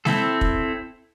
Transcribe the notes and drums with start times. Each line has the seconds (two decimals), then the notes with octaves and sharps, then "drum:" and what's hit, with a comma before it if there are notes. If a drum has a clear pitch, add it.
0.05 C4 E4 A4, drum: snare G#3
0.41 drum: kick